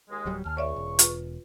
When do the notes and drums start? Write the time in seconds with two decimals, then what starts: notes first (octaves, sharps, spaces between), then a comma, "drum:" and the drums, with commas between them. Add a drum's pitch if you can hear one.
0.10 D#2 G#3
0.26 D1 F#3 G3
0.46 D#2 G#5 A5 F6
0.57 C#2 C#5 D5 E5 C#6
0.76 E1
0.99 F4 B4, drum: hi-hat